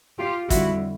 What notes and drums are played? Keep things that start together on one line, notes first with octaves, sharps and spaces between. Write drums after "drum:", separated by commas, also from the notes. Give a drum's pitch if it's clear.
F4 G4
F2 D3 G3 E4 F#4, drum: kick, hi-hat